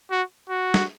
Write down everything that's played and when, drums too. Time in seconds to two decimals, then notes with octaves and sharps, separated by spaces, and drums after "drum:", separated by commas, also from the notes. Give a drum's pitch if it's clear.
0.11 F#4
0.49 F#4
0.74 drum: snare